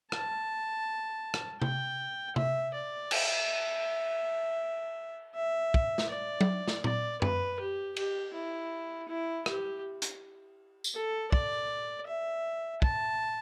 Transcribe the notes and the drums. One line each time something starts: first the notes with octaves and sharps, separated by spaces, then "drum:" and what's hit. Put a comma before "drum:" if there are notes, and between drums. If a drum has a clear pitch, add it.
A5, drum: rim click
drum: rim click
G5, drum: tom C3
E5, drum: tom C3
D5
E5, drum: cymbal
E5
drum: kick
drum: snare
D5
drum: tom F#3
drum: snare
D5, drum: tom A#2
B4, drum: tom F#2
G4
G4, drum: cymbal
E4
E4
G4, drum: rim click
drum: hi-hat
drum: tambourine
A4
D5, drum: kick
E5
A5, drum: kick